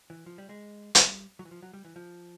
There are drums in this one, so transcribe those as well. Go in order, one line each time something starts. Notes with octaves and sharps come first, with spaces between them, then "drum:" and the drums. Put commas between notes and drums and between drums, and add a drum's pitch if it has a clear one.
E3
F3
G3
G#3
G3, drum: hi-hat
F#3
E3
F3
F#3
G3
E3
F3